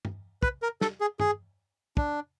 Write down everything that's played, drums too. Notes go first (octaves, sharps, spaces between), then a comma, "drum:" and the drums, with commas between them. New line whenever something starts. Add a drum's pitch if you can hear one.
drum: tom G2
B4, drum: kick
A#4
A4, drum: snare
G#4
G#4, drum: tom G2
D4, drum: kick